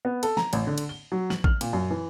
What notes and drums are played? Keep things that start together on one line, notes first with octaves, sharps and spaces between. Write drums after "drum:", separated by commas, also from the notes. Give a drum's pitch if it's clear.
B3
A4, drum: cymbal
A#5, drum: snare
A1, drum: cymbal
D3
drum: cymbal
G7
F#3
F#7, drum: snare
F6, drum: kick A1
A#2, drum: cymbal
F#2
E3